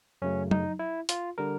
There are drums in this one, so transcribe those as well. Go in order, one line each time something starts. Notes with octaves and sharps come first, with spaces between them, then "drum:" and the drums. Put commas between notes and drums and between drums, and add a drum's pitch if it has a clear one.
F#2 C#3 F#3 A3 C#4
D#4, drum: tom F#3
E4
F4, drum: hi-hat
D3 G3 A#4